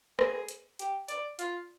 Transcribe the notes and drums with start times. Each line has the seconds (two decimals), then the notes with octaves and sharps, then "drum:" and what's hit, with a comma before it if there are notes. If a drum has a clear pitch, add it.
0.19 G#4, drum: rim click
0.49 drum: hi-hat
0.79 G4, drum: hi-hat
1.09 D5, drum: hi-hat
1.39 F4, drum: hi-hat